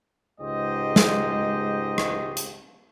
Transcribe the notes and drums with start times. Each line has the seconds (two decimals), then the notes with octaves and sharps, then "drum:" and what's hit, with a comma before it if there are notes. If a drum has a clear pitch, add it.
0.40 C#2 G#2 G#3 G4 C5 D#5
0.96 drum: snare
1.98 drum: rim click
2.37 drum: hi-hat